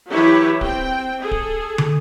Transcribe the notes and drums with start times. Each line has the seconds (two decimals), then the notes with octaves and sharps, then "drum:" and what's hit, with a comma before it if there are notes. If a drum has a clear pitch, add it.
0.10 E3 F#3 E4 G4 B4 C#5
0.61 C4 G5, drum: kick D1
1.22 G#4 A4
1.31 drum: kick D1
1.78 drum: tom